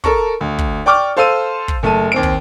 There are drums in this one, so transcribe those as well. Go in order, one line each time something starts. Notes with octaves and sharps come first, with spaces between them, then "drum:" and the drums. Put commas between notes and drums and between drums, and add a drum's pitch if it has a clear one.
A4 A#4 A5 C#6, drum: kick
D2
drum: kick
D5 G5 C#6 D6 F6
A4 C5 F5 C6 E6 D#7
drum: kick
F#1 A3 A5 D#7
D#2 C4 D7
drum: kick